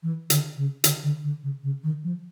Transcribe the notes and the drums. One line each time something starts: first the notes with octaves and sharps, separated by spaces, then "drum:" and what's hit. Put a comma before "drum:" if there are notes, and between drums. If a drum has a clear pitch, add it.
E3
D3, drum: hi-hat
C#3
D3, drum: hi-hat
D3
D3
C#3
C#3
D#3
F3